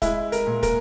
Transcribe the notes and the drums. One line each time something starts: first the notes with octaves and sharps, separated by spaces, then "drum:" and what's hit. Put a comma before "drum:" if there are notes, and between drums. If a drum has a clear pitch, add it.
G#3 E4, drum: kick, hi-hat
A#4, drum: hi-hat
A#2
A#4, drum: kick, hi-hat